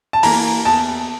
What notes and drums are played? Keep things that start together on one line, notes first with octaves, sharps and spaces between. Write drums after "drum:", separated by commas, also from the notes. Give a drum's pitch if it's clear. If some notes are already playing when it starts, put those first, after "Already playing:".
A5
E3 A#3 A#5, drum: open hi-hat
E2 A5